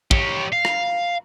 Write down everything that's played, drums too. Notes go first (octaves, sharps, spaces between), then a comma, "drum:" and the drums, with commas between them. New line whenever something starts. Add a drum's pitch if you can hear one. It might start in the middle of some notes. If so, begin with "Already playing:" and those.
G4 C#5, drum: kick
F5
drum: rim click